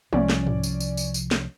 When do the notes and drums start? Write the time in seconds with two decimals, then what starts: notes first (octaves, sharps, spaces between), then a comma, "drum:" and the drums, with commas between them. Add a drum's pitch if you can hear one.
0.13 C2 F3 C#4 D5, drum: tom
0.30 drum: snare
0.47 drum: tom
0.63 drum: tambourine
0.80 drum: tambourine
0.97 drum: tambourine
1.14 drum: tambourine
1.31 drum: snare